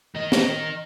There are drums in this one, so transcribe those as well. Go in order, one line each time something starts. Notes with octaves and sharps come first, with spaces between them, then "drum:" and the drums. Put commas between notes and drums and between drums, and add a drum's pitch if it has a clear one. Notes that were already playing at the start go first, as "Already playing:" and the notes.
D#3 D#5
drum: snare